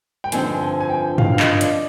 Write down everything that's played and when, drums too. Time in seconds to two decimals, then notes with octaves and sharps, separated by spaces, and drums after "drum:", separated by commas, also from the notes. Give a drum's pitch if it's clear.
0.24 G5
0.32 G2 D3 F3 C4 D#4 G#5, drum: hi-hat
0.61 G#5
0.81 G#5
0.89 G5
1.18 F5, drum: tom G2
1.32 F5
1.40 D#5, drum: clap
1.61 D5, drum: hi-hat